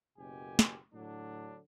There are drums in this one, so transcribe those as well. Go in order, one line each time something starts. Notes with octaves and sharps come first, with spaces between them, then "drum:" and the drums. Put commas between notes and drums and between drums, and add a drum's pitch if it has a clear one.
F#1 F#2 B2 G4 G#5
drum: snare
A2 D3 F#3 D4